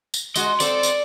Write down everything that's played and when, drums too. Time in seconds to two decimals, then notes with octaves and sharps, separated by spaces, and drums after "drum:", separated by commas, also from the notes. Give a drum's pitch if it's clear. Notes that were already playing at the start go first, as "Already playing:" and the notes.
0.14 drum: tambourine
0.36 G#3 F#4 D#5, drum: tambourine
0.60 C4 A4 D5, drum: tambourine
0.83 drum: tambourine